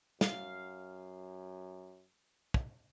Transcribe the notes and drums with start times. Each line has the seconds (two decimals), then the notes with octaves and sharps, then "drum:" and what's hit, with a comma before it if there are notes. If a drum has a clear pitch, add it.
0.21 F#2 F5, drum: snare
2.54 drum: kick